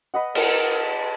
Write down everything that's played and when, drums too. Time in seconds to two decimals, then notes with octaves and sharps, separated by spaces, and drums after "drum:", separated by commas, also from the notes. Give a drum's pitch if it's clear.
0.14 B4 D#5 F#5
0.35 A#4, drum: cymbal